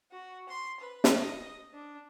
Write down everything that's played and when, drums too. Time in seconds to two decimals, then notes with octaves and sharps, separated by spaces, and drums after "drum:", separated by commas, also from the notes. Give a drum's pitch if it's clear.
0.11 F#4
0.49 C6
0.81 B4
1.04 drum: snare
1.17 D#5
1.73 D4